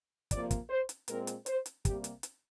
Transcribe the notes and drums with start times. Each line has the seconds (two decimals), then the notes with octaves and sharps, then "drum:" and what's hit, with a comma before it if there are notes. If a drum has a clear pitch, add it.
0.31 C3 F3 A#3 D5, drum: kick, hi-hat
0.51 drum: kick, hi-hat
0.69 C5
0.89 drum: hi-hat
1.08 A#2 G#3 C4 A#4, drum: hi-hat
1.27 drum: hi-hat
1.46 C5, drum: hi-hat
1.66 drum: hi-hat
1.85 C3 G3 A#3 G4, drum: kick, hi-hat
2.04 drum: hi-hat
2.23 drum: hi-hat